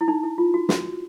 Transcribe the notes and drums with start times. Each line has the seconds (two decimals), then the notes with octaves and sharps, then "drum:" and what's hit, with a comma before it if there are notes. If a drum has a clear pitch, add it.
0.01 E4
0.08 D#4
0.23 E4
0.38 F4
0.54 F#4
0.69 F#4, drum: snare